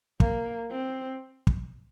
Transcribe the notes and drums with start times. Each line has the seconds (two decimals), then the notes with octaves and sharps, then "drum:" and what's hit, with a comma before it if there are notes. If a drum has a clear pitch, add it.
0.20 A#3, drum: kick
0.71 C4
1.47 drum: kick